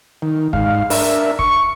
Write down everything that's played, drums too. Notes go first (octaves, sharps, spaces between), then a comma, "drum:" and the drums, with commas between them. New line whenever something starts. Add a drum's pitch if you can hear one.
D#3
G#2 F5, drum: kick
D4 A#4 E5, drum: open hi-hat
C#6, drum: kick